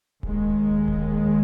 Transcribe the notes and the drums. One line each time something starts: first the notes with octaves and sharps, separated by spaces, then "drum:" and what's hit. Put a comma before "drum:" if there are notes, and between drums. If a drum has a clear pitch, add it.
D#2 D#3 G#3, drum: kick D1
drum: kick D1